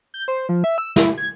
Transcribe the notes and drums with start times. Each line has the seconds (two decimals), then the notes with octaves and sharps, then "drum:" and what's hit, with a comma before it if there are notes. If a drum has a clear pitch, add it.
0.14 G6
0.28 C5
0.49 F3
0.64 E5
0.78 E6
0.96 E4, drum: snare
1.18 G#6